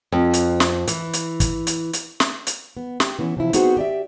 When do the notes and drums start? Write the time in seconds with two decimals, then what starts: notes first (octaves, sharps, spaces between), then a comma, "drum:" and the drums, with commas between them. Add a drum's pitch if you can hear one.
0.12 F2
0.34 drum: hi-hat
0.60 drum: snare
0.87 E3, drum: hi-hat
1.13 drum: hi-hat
1.40 drum: kick, hi-hat
1.67 drum: hi-hat
1.93 drum: hi-hat
2.20 drum: snare
2.47 drum: hi-hat
2.77 B3
3.00 G4, drum: snare
3.19 E3 B3 C#4
3.36 C3 F3 E4
3.53 B3 C4 D#4 F#4 G#4 C5, drum: hi-hat
3.77 G4 D5 E5